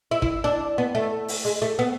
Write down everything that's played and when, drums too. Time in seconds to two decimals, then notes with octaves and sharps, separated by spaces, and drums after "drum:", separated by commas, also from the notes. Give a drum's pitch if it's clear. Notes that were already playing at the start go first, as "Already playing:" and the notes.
0.11 E4
0.22 E4, drum: kick
0.44 D4
0.78 B3
0.95 A3
1.28 drum: open hi-hat
1.45 G#3
1.62 A3
1.79 B3